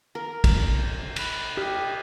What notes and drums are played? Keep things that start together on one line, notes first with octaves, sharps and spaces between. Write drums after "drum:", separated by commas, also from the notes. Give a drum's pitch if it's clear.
A#4
drum: kick, cymbal
B5 F#6, drum: cymbal
G4 D#6 F6 B6